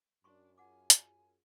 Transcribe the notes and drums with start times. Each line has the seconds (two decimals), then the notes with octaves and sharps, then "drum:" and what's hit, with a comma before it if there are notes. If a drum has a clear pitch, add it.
0.24 F#2 D4 D5 C6 C#6
0.58 F4 G#4 F#5 G#5 D6
0.90 drum: hi-hat